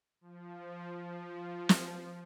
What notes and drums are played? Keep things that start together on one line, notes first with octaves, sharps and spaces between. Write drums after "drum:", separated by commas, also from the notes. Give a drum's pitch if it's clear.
F3
F3
drum: snare